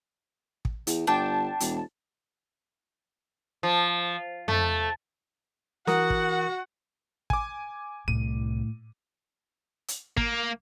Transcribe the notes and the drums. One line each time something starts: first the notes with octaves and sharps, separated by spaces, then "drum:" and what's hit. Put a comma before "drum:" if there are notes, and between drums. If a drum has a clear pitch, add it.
drum: kick
E2, drum: hi-hat
G1 D4 G5 A5
E1, drum: hi-hat
F3
A3, drum: tom
E3 F#4 A#4 F#5 D#6, drum: snare
drum: kick
G#5 D6, drum: kick
C2 A2 D#7
drum: hi-hat
A#3, drum: kick